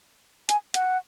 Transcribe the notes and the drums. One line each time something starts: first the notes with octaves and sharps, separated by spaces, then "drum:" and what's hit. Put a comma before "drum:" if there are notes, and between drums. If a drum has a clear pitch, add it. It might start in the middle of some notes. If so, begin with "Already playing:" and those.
G#5, drum: hi-hat
F#5, drum: hi-hat